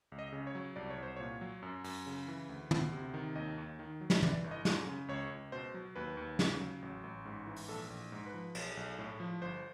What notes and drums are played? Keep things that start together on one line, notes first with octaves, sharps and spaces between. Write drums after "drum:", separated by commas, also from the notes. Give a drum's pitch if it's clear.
C#2
D#5
C#3
C#5
F#3
C2 D5
C#5
C2 C5
A#2 C#5
F#3
F#2
F#2, drum: open hi-hat
C#3
E3
D2
D2, drum: tom
C3
D#3
D#2 D#5
D#2
D#3
F#3
drum: snare
E3 D5, drum: tom
G1
D#5
F#2, drum: snare
C#3
C#2 C#5
C#2
B2 C5
F#3
D#2 B4
D#2
C#3, drum: snare
F#3
A1
A1
G#2
E3
drum: open hi-hat
A#1 A4
A#1
G#2
B4
F3
B1, drum: cymbal
B1
A2
F3
G1 C5